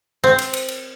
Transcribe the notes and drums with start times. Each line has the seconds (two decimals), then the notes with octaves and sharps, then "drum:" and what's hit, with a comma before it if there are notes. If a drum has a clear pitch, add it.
0.24 C4
0.39 drum: cymbal
0.54 drum: cymbal
0.68 drum: cymbal